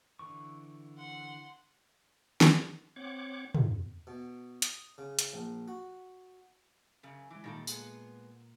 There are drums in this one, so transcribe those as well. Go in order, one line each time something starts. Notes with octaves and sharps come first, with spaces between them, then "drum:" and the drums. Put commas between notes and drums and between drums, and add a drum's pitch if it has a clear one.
D3 E3 C#6
F#5 C6
drum: snare
C4 C#5 F#5 D6
drum: tom
B2
D#6, drum: hi-hat
C#3
drum: hi-hat
A#1
F#4
F#2 C#3
E3 G#3 D6
A#2 D#3 G3 A#3 A4 A#6
G#3 B3, drum: tambourine